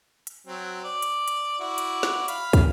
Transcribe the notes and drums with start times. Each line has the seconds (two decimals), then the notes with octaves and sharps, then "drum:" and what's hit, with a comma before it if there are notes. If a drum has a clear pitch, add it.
0.27 drum: hi-hat
0.47 F#3 C4
0.84 D5
1.02 drum: hi-hat
1.28 drum: hi-hat
1.60 E4 F#4 D5
1.78 drum: hi-hat
2.03 drum: snare
2.28 F5 B5, drum: hi-hat
2.53 drum: kick, hi-hat